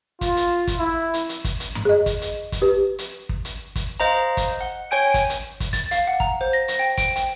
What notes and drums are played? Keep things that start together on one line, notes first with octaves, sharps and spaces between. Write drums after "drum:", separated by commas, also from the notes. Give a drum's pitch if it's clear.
F4, drum: kick, hi-hat
drum: hi-hat
drum: kick, hi-hat
E4
drum: hi-hat
drum: hi-hat
drum: kick, hi-hat
drum: hi-hat
drum: tom F#2
G#4 D#5
drum: kick, hi-hat
drum: hi-hat
drum: kick, hi-hat
G4 B4
drum: hi-hat
drum: kick
drum: hi-hat
drum: kick, hi-hat
C5 D#5 F5 A#5
drum: kick, hi-hat
F#5
C#5 G5 G#5 G6 D7
drum: kick, hi-hat
drum: hi-hat
drum: kick, hi-hat
A6, drum: kick, hi-hat
F5, drum: hi-hat
F#5
A#5, drum: kick
C5
A#6
drum: hi-hat
G5
D7, drum: kick, hi-hat
G5, drum: hi-hat